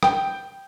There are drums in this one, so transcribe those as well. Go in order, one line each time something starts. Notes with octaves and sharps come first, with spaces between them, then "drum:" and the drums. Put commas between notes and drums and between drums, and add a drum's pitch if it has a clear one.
G5, drum: rim click